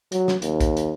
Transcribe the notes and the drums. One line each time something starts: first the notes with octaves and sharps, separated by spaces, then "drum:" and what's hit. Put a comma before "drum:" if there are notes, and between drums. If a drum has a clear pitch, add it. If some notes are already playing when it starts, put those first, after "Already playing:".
F#3, drum: hi-hat
drum: snare
D#2, drum: hi-hat
drum: kick, hi-hat
drum: hi-hat